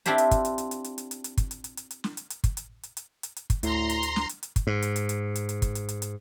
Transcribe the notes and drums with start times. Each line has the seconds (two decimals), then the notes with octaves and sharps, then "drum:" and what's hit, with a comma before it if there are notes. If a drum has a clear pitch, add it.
0.05 C4 D4 E4 F4 G4 C5, drum: hi-hat
0.18 drum: hi-hat
0.31 drum: kick, hi-hat
0.45 drum: hi-hat
0.58 drum: hi-hat
0.71 drum: hi-hat
0.84 drum: hi-hat
0.98 drum: hi-hat
1.11 drum: hi-hat
1.24 drum: hi-hat
1.37 drum: kick, hi-hat
1.51 drum: hi-hat
1.64 drum: hi-hat
1.77 drum: hi-hat
1.91 drum: hi-hat
2.04 drum: snare
2.17 drum: hi-hat
2.30 drum: hi-hat
2.44 drum: kick, hi-hat
2.57 drum: hi-hat
2.83 drum: hi-hat
2.97 drum: hi-hat
3.23 drum: hi-hat
3.36 drum: hi-hat
3.50 drum: kick, hi-hat
3.63 D2 A2 A#5 C6, drum: hi-hat
3.90 drum: hi-hat
4.03 drum: hi-hat
4.16 drum: snare
4.29 drum: hi-hat
4.43 drum: hi-hat
4.56 drum: kick, hi-hat
4.67 G#2
4.82 drum: hi-hat
4.96 drum: hi-hat
5.09 drum: hi-hat
5.35 drum: hi-hat
5.49 drum: hi-hat
5.62 drum: kick, hi-hat
5.75 drum: hi-hat
5.89 drum: hi-hat
6.02 drum: hi-hat